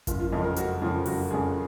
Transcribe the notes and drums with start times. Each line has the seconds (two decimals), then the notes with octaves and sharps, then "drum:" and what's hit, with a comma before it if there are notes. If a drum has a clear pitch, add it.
0.07 F#1 F4, drum: kick G#1, hi-hat
0.20 F4
0.32 F2 C#3 F3 D#5
0.44 A#4
0.56 F#1 F#4, drum: hi-hat
0.82 F2 C#3 F3 F4
1.06 F#1 F#4, drum: open hi-hat
1.31 F2 C#3 F3 G#4